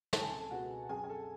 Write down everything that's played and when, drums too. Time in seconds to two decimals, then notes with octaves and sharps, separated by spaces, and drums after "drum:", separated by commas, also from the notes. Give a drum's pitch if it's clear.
0.13 C#2 A5, drum: snare
0.21 G#5
0.30 A4 A5
0.51 B2 G#3 B3 F#4 F#5
0.89 F#2 G#4 G#5
1.04 G#5
1.09 A4 A5